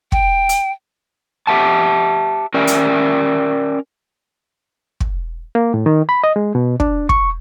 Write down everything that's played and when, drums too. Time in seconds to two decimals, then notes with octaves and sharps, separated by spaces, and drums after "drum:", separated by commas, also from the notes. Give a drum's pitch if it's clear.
0.12 G5, drum: kick
0.49 drum: hi-hat
1.47 G4 E5 F#5 A5
2.54 C#4 A#4 D5 E5 G5
2.67 drum: hi-hat
5.00 drum: kick
5.55 A#3
5.74 A2
5.86 D#3
6.09 B5
6.24 D#5
6.36 G#3
6.55 B2
6.80 D4, drum: kick
7.09 C#6, drum: kick